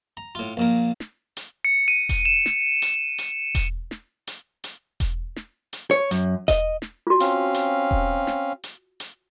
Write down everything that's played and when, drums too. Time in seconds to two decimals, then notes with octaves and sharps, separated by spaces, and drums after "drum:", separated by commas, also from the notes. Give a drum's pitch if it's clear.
0.17 A#5
0.35 A2 F4
0.57 A#1 A#2 A#4
1.00 drum: snare
1.37 drum: hi-hat
1.65 C#7
1.88 D#7
2.09 drum: kick E1, hi-hat
2.25 E7
2.46 drum: snare
2.82 drum: hi-hat
3.18 drum: hi-hat
3.55 drum: kick E1, hi-hat
3.91 drum: snare
4.27 drum: hi-hat
4.64 drum: hi-hat
5.00 drum: kick E1, hi-hat
5.36 drum: snare
5.73 drum: hi-hat
5.91 C#5
6.11 F#2, drum: hi-hat
6.48 D#5, drum: kick E1, hi-hat
6.82 drum: snare
7.07 F4 F#4
7.20 C4 C#4 F5, drum: hi-hat
7.54 drum: hi-hat
7.91 drum: kick E1
8.27 drum: snare
8.64 drum: hi-hat
9.00 drum: hi-hat